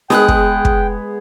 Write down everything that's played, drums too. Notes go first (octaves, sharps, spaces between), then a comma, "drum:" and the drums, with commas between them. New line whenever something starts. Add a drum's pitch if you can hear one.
G#3 B3 G#4 G5 D#6 F#6, drum: snare
drum: kick
drum: kick